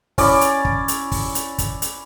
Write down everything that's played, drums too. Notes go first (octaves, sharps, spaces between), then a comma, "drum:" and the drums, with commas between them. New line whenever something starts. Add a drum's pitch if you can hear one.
C#4 E4 C#5 D5, drum: kick, open hi-hat
drum: hi-hat
drum: kick
drum: hi-hat
drum: kick, open hi-hat
drum: hi-hat
drum: kick, hi-hat
drum: hi-hat